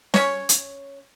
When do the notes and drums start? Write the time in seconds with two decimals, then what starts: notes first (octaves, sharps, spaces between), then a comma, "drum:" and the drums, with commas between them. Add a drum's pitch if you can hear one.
0.14 C#4 C#5, drum: snare
0.49 drum: hi-hat